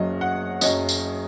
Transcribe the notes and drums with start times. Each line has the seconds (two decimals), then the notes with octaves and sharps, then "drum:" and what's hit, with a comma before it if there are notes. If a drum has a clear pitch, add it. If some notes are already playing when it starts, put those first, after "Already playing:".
Already playing: F#1 F#2 F#3 D#5
0.21 F#5
0.61 F#1 F#2 F#3 D#5, drum: tambourine
0.89 drum: tambourine